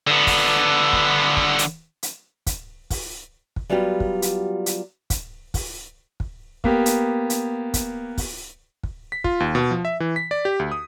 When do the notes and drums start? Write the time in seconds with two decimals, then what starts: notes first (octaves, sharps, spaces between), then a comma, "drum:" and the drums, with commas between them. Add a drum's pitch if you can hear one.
0.07 D3 B3
0.27 drum: kick, open hi-hat
0.93 drum: kick
1.37 drum: kick
1.59 drum: hi-hat
2.03 drum: hi-hat
2.47 drum: kick, hi-hat
2.90 drum: kick, open hi-hat
3.56 drum: kick
3.70 F#3 G3 B3 F4 G4
4.00 drum: kick
4.22 drum: hi-hat
4.66 drum: hi-hat
5.10 drum: kick, hi-hat
5.54 drum: kick, open hi-hat
6.20 drum: kick
6.64 A#3 B3 G4, drum: kick
6.86 drum: hi-hat
7.30 drum: hi-hat
7.74 drum: kick, hi-hat
8.18 drum: kick, open hi-hat
8.83 drum: kick
9.12 B6
9.24 F4, drum: kick
9.40 D#2
9.55 B2
9.71 F3
9.85 E5
10.00 E3
10.16 B6
10.31 D5
10.45 G4
10.59 D2
10.72 D#6